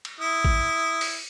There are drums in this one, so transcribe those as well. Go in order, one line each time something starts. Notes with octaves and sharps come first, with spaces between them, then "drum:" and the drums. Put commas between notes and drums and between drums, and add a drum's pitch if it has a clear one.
drum: cymbal
E4 D#6
drum: kick
drum: open hi-hat